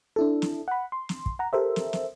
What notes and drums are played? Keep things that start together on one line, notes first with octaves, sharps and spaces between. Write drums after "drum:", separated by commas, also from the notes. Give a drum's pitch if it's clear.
D4 E4 A4
drum: snare
F#5 B5
C6
drum: snare
drum: kick
F#5 A#5
G4 A4 A#4 C5 E5
drum: snare
drum: snare